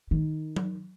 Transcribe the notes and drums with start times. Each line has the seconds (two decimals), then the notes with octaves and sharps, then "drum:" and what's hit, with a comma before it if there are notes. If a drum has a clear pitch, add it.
0.11 D#3
0.56 drum: tom F#3